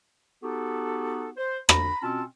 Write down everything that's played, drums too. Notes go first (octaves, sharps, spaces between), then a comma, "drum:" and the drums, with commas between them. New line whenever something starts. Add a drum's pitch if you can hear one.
B3 D#4 F#4 G4 A4
C5
A#5 B5, drum: rim click
B2 C4 C#4 F4 A5